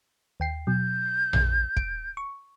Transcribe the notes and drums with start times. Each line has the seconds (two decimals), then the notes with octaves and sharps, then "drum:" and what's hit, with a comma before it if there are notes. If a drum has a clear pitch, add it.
0.40 D#2 G5 C7
0.67 B2 F#3 G6
1.33 drum: tom A#1
1.77 D7, drum: kick
2.17 C#6